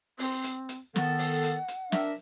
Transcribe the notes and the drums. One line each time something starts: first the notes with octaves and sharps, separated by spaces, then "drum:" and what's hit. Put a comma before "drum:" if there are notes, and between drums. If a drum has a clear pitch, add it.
C4, drum: open hi-hat
drum: hi-hat
drum: hi-hat
D#3 B3 A4 F#5, drum: snare
drum: open hi-hat
drum: hi-hat
drum: hi-hat
D4 A#4 E5, drum: snare